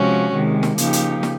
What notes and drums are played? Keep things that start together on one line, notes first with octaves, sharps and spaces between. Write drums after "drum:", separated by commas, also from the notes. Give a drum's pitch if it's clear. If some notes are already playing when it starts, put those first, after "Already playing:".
Already playing: C3 F3 G#3 C#4 F#4
C3 D#3 G#3
drum: snare
C#3 F3 A#3 D#4 G4, drum: hi-hat
drum: hi-hat
drum: snare